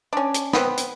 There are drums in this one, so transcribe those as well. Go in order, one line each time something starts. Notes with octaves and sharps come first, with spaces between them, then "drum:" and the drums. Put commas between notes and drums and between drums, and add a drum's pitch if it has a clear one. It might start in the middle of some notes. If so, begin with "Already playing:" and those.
C#4 D4
drum: hi-hat
B3 C4, drum: snare
drum: hi-hat